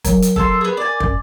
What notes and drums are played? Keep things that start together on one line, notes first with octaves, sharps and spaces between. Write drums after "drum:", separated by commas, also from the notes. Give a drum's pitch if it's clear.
F#3 A#4, drum: kick, hi-hat
drum: hi-hat
A4 A5 C6, drum: kick
B3 G#4
D5 G#5
F#2, drum: kick